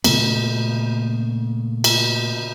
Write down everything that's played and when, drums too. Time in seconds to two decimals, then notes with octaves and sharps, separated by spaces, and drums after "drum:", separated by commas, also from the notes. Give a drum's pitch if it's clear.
0.04 A#2 C#3 A3 B3, drum: cymbal
1.84 drum: cymbal